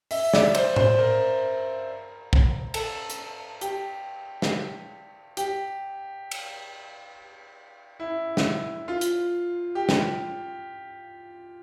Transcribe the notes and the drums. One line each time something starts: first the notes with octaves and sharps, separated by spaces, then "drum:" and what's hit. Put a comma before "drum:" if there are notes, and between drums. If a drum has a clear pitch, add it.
E5, drum: open hi-hat
D5, drum: snare
C5, drum: cymbal
C5, drum: tom A2
A#4
drum: kick
A4, drum: cymbal
drum: hi-hat
G4, drum: hi-hat
drum: snare
G4, drum: hi-hat
drum: cymbal
E4
drum: snare
F4
drum: hi-hat
G4
drum: snare